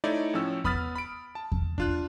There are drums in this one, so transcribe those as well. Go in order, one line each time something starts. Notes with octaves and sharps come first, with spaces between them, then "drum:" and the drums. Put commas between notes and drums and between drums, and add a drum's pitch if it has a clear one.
A3 D#4 E4 C#5 D5
A2 F3 C#4 E6
B3 B5 D#6 F6 A6 B6, drum: kick E2
B5 D7
A5
drum: kick E2
D4 F4 F#6, drum: kick E2